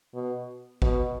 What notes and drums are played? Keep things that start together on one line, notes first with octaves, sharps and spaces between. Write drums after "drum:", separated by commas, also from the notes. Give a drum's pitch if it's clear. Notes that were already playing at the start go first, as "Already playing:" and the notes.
B2
B2, drum: kick G#1